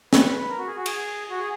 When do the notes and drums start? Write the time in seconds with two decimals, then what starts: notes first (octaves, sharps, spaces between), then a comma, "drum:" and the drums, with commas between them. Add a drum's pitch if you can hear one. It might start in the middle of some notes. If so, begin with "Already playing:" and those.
0.13 B4, drum: snare
0.50 A#4
0.58 F#4
0.67 G#4
0.76 F#4
0.86 G#4, drum: cymbal
1.30 F#4
1.39 G#4